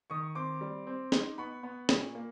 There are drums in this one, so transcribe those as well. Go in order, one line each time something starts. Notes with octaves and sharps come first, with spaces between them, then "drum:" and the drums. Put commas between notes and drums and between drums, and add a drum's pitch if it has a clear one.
D#3 C#6 D#6
C4 C6 D6
G3
C4
D#4, drum: snare
B3 B5 C#6
B3
A#2, drum: snare
A#3